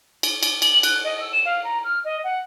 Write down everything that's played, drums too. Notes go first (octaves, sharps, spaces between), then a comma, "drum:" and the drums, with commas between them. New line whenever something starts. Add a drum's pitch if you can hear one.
drum: cymbal
drum: cymbal
F#7, drum: cymbal
F#6, drum: cymbal
D#5
E6
E7
F5
A#5
F6
D#5
F#5